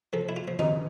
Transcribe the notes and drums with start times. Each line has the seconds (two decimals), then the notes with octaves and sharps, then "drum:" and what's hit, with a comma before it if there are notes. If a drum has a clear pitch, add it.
0.13 F3 A4
0.29 E4
0.36 F4
0.48 F3
0.59 D#4, drum: tom D#3